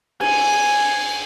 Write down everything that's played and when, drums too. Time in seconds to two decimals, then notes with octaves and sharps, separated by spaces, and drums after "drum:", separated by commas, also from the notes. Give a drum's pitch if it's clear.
0.20 G#5, drum: cymbal